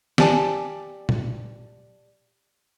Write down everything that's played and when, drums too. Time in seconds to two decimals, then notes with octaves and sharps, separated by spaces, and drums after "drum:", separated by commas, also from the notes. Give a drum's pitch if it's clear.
0.18 G4 D5 G#5 A5, drum: snare
1.09 drum: tom A#2